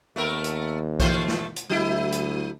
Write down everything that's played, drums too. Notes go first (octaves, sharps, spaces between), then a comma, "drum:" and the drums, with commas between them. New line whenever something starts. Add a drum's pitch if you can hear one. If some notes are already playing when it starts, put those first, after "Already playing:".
D#2 A3 B3 A#4
drum: hi-hat
E3 A3 C5, drum: kick B1, hi-hat
drum: snare
drum: hi-hat
D2 F#3 E4
drum: hi-hat